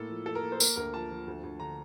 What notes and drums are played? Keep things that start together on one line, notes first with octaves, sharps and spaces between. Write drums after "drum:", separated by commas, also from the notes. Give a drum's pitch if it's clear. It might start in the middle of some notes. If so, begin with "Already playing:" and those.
Already playing: A2 A#3 A4
F3
F3 A4
A#4
A#3
C5
A#3 A#4, drum: tambourine
D2 A#4
F3 A5
F3
D2
D2
D3 A#5